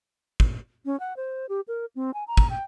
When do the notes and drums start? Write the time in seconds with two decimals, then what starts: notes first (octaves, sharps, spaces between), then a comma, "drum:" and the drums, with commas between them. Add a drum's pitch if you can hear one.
0.40 drum: kick
0.85 C#4
1.00 F#5
1.16 C5
1.49 G4
1.68 A#4
1.96 C4
2.14 G#5
2.28 A#5
2.37 drum: kick
2.50 G5